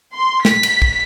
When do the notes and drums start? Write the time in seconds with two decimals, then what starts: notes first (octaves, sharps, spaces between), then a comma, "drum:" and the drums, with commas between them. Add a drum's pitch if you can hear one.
0.12 C6
0.45 B6, drum: snare
0.63 drum: cymbal
0.82 drum: kick